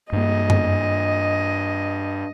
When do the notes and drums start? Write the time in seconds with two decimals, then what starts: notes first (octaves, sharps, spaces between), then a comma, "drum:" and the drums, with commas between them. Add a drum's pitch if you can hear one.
0.12 G2 A#3 D#5
0.50 drum: tom F#2